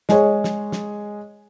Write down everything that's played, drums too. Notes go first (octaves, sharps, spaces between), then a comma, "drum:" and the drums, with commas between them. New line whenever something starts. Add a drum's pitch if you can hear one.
G#3 G#4 C#5, drum: snare
drum: snare
drum: snare